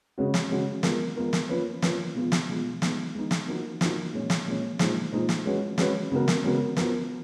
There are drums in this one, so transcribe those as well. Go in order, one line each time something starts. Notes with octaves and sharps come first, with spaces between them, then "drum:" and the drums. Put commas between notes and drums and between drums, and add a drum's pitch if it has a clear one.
C#3 G#3 C#4 F#4
drum: snare
C#3 G#3 C#4 F#4
G#3 B3 F4 A#4, drum: snare
G#3 B3 F4 A#4
drum: snare
F3 A#3 C#4 F4 B4
F3 A#3 C#4 F4 B4, drum: snare
B2 G#3 B3 F4
drum: snare
B2 G#3 B3 F4
G#3 B3 D#4, drum: snare
G#3 B3 D#4
drum: snare
F3 A#3 D#4 F#4
F3 A#3 D#4 F#4, drum: snare
A#2 G#3 C#4
drum: snare
A#2 G#3 C#4
A#2 F3 G#3 D#4, drum: snare
A#2 F3 G#3 D#4
drum: snare
G#3 C#4 F#4 B4
G#3 C#4 F#4 B4, drum: snare
C#3 G#3 B3 F#4 A#4
drum: snare
C#3 G#3 B3 F#4 A#4
F3 B3 F#4 A#4, drum: snare